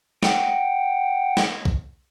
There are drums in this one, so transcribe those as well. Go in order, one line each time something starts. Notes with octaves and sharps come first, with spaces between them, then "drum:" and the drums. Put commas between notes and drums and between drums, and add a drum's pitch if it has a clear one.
F#5 G5, drum: snare
drum: snare
drum: kick B1